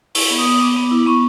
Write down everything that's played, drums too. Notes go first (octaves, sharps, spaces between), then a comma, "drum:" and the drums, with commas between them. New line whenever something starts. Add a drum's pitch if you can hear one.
E4 C#6, drum: open hi-hat
B3
D#6
B3
B3 D6
B3
E4
B3 C#6